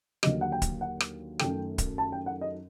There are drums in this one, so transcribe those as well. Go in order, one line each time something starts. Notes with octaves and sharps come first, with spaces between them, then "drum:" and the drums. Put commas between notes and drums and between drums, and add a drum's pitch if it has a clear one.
D#2 D3 F#3 D#5, drum: rim click
F#5
G5
drum: kick D1, hi-hat
F#5
drum: rim click
F#2 D#3 A3 G5, drum: rim click
drum: kick D1, hi-hat
A5
G5
F#5
D#5